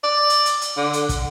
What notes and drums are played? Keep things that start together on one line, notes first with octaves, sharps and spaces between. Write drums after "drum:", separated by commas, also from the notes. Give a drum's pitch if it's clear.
D5
drum: hi-hat
drum: hi-hat
drum: hi-hat
D3
drum: hi-hat
drum: kick, hi-hat